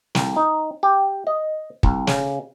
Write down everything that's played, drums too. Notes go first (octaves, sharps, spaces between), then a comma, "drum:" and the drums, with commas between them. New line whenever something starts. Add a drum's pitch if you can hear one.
C2, drum: snare
D#4
G4
D#5
C2, drum: kick
C#3, drum: snare